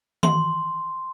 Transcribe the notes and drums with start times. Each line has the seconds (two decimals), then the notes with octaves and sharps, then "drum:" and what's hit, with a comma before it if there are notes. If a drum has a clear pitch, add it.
0.23 C6, drum: tom D#3